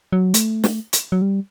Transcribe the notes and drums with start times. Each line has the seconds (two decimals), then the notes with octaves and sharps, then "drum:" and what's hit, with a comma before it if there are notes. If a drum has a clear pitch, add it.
0.12 F#3
0.34 A3, drum: hi-hat
0.64 drum: snare
0.93 drum: hi-hat
1.12 F#3
1.22 G3